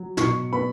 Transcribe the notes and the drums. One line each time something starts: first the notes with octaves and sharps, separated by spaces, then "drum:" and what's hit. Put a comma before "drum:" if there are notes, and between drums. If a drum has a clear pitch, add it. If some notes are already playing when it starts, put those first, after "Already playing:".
Already playing: F#3
B2 C#6, drum: snare
B3 B5